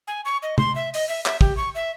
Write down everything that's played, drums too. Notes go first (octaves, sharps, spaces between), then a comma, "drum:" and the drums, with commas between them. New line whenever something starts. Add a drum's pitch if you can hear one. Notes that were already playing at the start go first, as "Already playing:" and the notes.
G#5
C#6
D#5
C6, drum: tom C3
E5
D#5, drum: open hi-hat
E5
E5, drum: clap
G4, drum: kick
C#6
E5